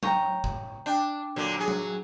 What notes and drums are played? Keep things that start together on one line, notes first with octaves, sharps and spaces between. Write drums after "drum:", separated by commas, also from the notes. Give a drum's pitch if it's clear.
C#5 G5 A#5, drum: tom F#3
drum: kick
D4 G5
A#2 D3 F#3
F#3 G#4
drum: tom F#3